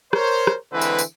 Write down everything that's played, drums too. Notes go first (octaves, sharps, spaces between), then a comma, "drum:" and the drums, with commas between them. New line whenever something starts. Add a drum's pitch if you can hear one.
A#4 C5 C#5, drum: rim click
drum: rim click
D3 E3 G#3 C4 E4 B4
drum: tambourine
drum: tambourine